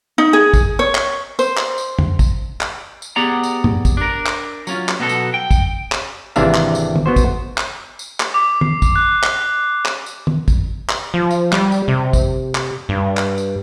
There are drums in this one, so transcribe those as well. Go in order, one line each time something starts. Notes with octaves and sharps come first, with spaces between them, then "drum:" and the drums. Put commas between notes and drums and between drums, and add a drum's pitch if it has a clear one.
D#4
G#4
drum: kick, tambourine
C#5
drum: clap
C5, drum: tambourine
drum: clap
drum: tambourine
drum: tom F2
drum: kick, tambourine
drum: clap
drum: tambourine
B3 G4 G#4 D5 F#5 A#5
drum: tambourine
drum: tom
drum: kick, tambourine
D4 A#4
drum: clap
F#3 C#4 F4, drum: tambourine
drum: clap
B2 F#3 B3 F#4 A4
drum: tambourine
G5
drum: kick, tambourine
drum: clap
G#1 C3 E3 D4 E5 F5, drum: tambourine
drum: clap
drum: tambourine
drum: tom
B3 F#4 C5
drum: kick, tambourine
drum: clap
drum: tambourine
drum: clap
D6
C7, drum: tom
drum: kick, tambourine
F#6
drum: clap
drum: clap
drum: tambourine
drum: tom
drum: kick, tambourine
drum: clap
F3
drum: tambourine
G3, drum: clap
drum: tambourine
C3
drum: kick, tambourine
drum: clap
G2
drum: clap
drum: tambourine